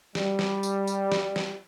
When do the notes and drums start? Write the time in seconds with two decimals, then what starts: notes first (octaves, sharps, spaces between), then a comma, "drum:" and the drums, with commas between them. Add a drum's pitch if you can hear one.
0.15 G3, drum: snare
0.39 drum: snare
0.63 drum: tambourine
0.87 drum: tambourine
1.12 drum: snare
1.36 drum: snare